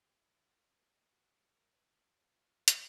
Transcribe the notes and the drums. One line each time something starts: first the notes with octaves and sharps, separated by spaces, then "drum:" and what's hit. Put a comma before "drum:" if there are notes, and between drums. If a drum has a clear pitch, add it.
G4
E4
F4
C4
D#5
F#4
G3
A#4
B4
F5
F3
F4
drum: hi-hat